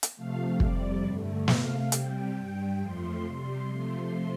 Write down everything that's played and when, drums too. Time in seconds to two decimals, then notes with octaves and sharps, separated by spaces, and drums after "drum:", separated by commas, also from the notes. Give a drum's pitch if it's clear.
0.03 drum: hi-hat
0.16 C3 F3 A3 F5
0.60 F2 C3 G3 D5, drum: kick
1.04 G2 D3 A3
1.48 C3 A3 F5, drum: snare
1.92 C3 G3 G5, drum: hi-hat
2.36 G2 G3 G5
2.80 F2 F3 A3 C6
3.24 C3 G3 C6
3.68 C3 F3 A3 C6